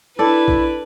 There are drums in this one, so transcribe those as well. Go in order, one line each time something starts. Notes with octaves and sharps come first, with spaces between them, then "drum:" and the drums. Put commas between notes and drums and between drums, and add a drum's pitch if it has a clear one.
D4 E4 A4 B4 D5
drum: kick A#1